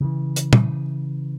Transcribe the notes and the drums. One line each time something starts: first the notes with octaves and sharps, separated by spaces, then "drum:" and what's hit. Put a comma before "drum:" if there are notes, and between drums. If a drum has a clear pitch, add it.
C#3 E3
drum: hi-hat
drum: tom